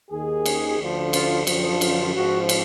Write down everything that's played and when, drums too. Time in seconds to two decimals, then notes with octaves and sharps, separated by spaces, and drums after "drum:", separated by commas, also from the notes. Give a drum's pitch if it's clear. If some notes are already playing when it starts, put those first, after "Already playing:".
0.11 D#2 D#3 G#4
0.46 drum: cymbal
0.79 D2 D3 F3
1.13 F4, drum: cymbal
1.47 F#2 D3 F3, drum: cymbal
1.81 F4, drum: cymbal
2.14 G#2 F3 F#4
2.49 drum: cymbal